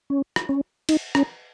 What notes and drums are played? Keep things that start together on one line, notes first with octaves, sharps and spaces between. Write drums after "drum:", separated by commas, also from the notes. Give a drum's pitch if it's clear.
C#4
drum: rim click
C#4
D#4, drum: cymbal
C#4, drum: rim click